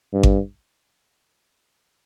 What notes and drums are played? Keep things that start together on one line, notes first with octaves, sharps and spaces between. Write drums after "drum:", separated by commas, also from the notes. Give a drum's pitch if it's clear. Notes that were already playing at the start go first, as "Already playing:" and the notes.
G2
drum: kick G#1